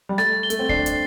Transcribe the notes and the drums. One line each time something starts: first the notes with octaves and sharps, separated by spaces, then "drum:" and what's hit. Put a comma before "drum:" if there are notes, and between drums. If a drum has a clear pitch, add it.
G3
A3 A6, drum: rim click
G7
A3, drum: hi-hat
C4
D4 C7, drum: kick D2
drum: hi-hat